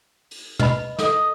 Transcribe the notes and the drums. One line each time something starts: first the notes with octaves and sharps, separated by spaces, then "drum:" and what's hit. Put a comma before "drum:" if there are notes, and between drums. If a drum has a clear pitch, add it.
drum: open hi-hat
B4 D#5 B5, drum: tom
A4 D#5, drum: snare